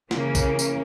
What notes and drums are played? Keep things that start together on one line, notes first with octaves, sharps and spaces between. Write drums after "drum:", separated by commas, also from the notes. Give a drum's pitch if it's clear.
C#3 E3 A#3 C#4, drum: snare
drum: kick, tambourine
drum: tambourine